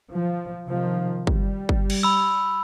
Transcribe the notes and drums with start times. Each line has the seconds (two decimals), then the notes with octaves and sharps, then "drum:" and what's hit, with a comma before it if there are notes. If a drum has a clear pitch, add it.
0.12 F3
0.65 C3 D#3 F3
1.27 G3, drum: kick
1.69 drum: kick
1.90 drum: cymbal
2.03 B5 E6